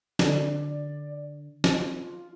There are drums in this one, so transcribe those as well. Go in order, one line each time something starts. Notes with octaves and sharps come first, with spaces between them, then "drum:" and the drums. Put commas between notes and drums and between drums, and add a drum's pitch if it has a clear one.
D3 D5, drum: snare
F4, drum: snare